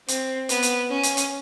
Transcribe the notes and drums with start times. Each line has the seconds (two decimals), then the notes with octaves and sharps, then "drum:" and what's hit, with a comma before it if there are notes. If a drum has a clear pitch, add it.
0.08 C4, drum: hi-hat
0.49 B3, drum: hi-hat
0.63 drum: hi-hat
0.90 C#4
1.03 drum: hi-hat
1.17 drum: hi-hat